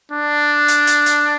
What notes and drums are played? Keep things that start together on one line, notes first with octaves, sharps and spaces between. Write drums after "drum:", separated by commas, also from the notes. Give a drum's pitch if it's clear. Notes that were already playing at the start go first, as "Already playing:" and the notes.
D4
drum: hi-hat
drum: hi-hat
drum: hi-hat